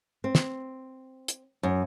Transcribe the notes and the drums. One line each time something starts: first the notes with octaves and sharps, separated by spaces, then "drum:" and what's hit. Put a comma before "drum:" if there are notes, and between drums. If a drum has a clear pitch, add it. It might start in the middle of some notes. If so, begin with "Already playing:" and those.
C4
drum: snare
drum: hi-hat
F#2